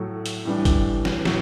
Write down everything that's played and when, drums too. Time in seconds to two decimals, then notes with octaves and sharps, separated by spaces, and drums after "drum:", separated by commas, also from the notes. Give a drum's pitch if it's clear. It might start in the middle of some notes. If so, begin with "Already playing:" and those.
Already playing: A2 F#3 A3
0.26 drum: hi-hat
0.45 A2 E3 G3 D4
0.65 drum: kick G1, hi-hat
1.05 drum: snare
1.25 A2 F#3, drum: snare